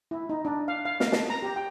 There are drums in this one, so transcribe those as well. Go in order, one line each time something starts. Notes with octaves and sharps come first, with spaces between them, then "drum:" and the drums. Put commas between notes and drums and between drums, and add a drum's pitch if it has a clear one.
E4
D#4
D4
F5
F5
F5, drum: snare
A5, drum: snare
A#5
G4
G5